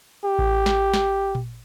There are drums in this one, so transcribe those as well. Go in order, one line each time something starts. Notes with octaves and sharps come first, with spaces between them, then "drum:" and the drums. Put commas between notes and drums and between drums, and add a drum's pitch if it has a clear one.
G4
drum: kick A1
drum: snare
drum: snare
drum: tom A#2